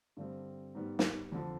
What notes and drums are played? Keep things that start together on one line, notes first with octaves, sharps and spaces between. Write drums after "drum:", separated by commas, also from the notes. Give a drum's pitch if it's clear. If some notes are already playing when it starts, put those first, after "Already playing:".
G2 D3 G3 C4
G#2 G3 B3
drum: snare
F2 D3 F3